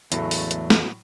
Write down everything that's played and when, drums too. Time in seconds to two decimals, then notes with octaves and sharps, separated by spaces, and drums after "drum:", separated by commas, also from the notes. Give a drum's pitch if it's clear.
0.12 E2 A2 C#3 F#3 G#3 A3, drum: hi-hat
0.31 drum: open hi-hat
0.51 drum: hi-hat
0.70 drum: snare